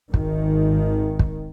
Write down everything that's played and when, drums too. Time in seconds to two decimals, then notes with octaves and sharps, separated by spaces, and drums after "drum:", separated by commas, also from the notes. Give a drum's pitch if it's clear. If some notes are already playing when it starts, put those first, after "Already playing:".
0.14 G#1 D#3, drum: kick
1.19 drum: kick